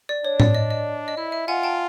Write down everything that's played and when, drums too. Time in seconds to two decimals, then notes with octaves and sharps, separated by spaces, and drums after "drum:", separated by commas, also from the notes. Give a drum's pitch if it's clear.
0.09 D5
0.24 D4 C#5
0.40 D5, drum: tom A2
0.55 D#5
0.71 D#5
1.08 D#5
1.17 E4 E5
1.32 E5
1.48 F4 F#5 G#5
1.63 G5 A5